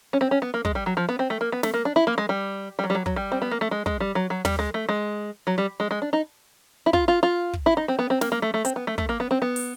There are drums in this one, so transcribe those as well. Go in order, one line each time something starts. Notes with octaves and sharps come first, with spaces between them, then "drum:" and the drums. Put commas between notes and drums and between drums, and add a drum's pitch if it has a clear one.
C#4
C4
C#4
B3
A#3
G#3, drum: kick
G3
F#3
F3
B3
C4
A3
A#3
B3
A3, drum: snare
A#3
D4
E4
A#3
G#3
G3
G3
F#3
G3
F#3
F#3, drum: kick
G3
C4
B3
A#3
A3
G#3
G#3, drum: kick
G3
F#3
F#3
G3, drum: tom
G#3
A3
G#3
F#3
G3
G#3
G#3
D4
D#4
E4
F4, drum: kick
F4
F4
drum: kick
E4
D#4
C4
B3
C4
A#3, drum: snare
A#3
A3
A3
C4, drum: hi-hat
B3
A3
A3, drum: kick
A#3
B3
C4
B3
drum: open hi-hat